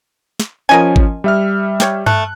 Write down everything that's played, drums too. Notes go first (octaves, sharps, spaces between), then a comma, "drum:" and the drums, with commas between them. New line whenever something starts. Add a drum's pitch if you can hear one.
drum: snare
F3 C#4 A#4 D#5 G#5
drum: kick G#1
G3 E5 F6
G4 C#5, drum: snare
A3 F#6, drum: tom G2